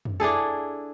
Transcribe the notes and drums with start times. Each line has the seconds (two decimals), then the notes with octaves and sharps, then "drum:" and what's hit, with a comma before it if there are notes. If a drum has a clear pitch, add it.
0.05 drum: tom
0.20 D4 E4 G#4 A4